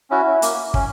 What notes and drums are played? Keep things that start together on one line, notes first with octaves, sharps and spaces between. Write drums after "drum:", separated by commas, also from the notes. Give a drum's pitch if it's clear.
C#4 E4 F#4
A#3, drum: hi-hat
C#4, drum: kick